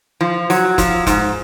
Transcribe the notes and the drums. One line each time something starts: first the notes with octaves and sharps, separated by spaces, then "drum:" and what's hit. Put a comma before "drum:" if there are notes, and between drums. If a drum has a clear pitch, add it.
F3
F#3, drum: open hi-hat
F3, drum: kick, hi-hat
G#2, drum: kick, hi-hat